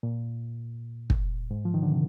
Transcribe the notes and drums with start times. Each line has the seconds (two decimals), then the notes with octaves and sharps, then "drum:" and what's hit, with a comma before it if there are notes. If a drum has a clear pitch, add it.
0.03 A#2
1.10 drum: kick
1.51 G#2
1.65 F3
1.74 D#3
1.83 D3
1.91 C3